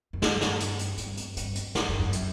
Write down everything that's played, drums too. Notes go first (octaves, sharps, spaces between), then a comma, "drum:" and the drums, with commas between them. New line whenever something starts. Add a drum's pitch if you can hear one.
F#2
G2, drum: snare
drum: snare
drum: hi-hat
drum: hi-hat
G2, drum: hi-hat
drum: hi-hat
G2, drum: hi-hat
drum: hi-hat
G2, drum: snare
G2
F#2
drum: hi-hat